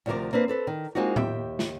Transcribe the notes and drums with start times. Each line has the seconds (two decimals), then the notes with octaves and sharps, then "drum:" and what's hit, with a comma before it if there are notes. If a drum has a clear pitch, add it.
0.06 D2 C3 F3 F4 A#4 D5
0.33 A#3 C4 D4 B4
0.48 C4 A4 B4 C5
0.67 D#3
0.95 G#3 A#3 C4 D#4 F4 F#4
1.16 D#2 G4 E5 G5, drum: tom A2
1.59 drum: snare